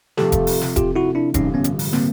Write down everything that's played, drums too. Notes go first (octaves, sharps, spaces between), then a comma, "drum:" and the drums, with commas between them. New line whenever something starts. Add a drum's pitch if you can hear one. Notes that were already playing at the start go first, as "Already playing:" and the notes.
C3 F3 A3 G4 A4, drum: snare
drum: kick E1, hi-hat
drum: open hi-hat
drum: snare
F4 G4, drum: kick E1, hi-hat
E4 F#4
D4 E4
A1 G2 D3 F3 G#3 C#4 D#4, drum: kick E1, hi-hat
B3 C#4
drum: hi-hat
drum: open hi-hat
A#3 C4, drum: snare